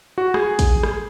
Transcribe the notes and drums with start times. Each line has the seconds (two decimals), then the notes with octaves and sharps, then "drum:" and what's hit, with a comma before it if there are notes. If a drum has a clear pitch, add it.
0.18 F#4
0.34 G#4, drum: rim click
0.59 drum: kick, hi-hat
0.83 drum: rim click